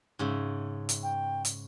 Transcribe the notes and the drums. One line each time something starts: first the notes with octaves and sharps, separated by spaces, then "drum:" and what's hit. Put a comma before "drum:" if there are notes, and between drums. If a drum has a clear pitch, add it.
G#2 C#3 E5
drum: hi-hat
G5
drum: hi-hat